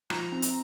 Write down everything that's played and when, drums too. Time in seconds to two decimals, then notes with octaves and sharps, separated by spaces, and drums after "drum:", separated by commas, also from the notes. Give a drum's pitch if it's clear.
0.10 F3 A#5, drum: rim click
0.32 C4
0.42 drum: hi-hat